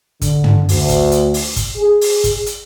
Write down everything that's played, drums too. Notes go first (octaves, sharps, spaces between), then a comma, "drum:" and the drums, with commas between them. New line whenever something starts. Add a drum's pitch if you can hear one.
D3, drum: kick, hi-hat
drum: tom
D2, drum: open hi-hat
drum: kick, hi-hat
drum: hi-hat
drum: open hi-hat
drum: kick, hi-hat
G#4
drum: open hi-hat
drum: kick, hi-hat
drum: hi-hat